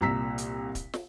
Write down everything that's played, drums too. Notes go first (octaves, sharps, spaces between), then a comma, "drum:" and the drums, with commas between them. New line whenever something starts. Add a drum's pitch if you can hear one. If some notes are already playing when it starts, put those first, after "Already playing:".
C2 A#2 A#5 E6 B6
drum: hi-hat
drum: kick, hi-hat
drum: snare